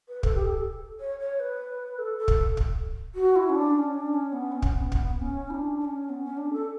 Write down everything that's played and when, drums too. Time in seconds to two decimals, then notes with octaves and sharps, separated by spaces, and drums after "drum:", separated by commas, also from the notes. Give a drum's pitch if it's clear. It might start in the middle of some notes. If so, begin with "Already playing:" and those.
0.09 B4
0.23 A4, drum: kick
0.35 G4
0.46 A4
1.00 C#5
1.20 C#5
1.40 B4
1.99 A4
2.18 A4
2.28 drum: kick
2.57 drum: kick
3.15 F#4
3.36 E4
3.49 C#4
3.55 D4
3.74 D4
3.79 C#4
3.94 D4
4.14 C#4
4.32 B3
4.52 C#4
4.62 drum: kick
4.72 B3
4.92 B3, drum: kick
5.21 C#4
5.50 E4
5.54 D4
5.80 D4
5.85 C#4
6.09 B3
6.24 C#4
6.38 D4
6.53 A4